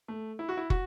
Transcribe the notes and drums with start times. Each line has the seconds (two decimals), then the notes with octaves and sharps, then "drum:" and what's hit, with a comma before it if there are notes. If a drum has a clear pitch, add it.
0.08 A3
0.39 E4
0.49 F#4
0.57 E4
0.70 F#4, drum: kick